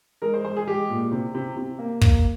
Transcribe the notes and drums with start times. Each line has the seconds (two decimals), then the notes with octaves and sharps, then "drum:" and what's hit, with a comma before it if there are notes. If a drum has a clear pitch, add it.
0.22 G#3 A#4
0.34 C5
0.45 G#3 C5
0.57 G#4
0.67 G#3 G4
0.89 A#2
1.12 C3
1.35 C3
1.57 C3
1.79 A#3
2.01 A#3, drum: kick